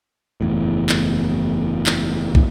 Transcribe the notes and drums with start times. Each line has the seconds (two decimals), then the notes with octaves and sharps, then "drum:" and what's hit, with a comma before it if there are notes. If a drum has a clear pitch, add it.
0.41 F#1 E2 A2
0.89 drum: clap
1.86 drum: clap
2.35 drum: kick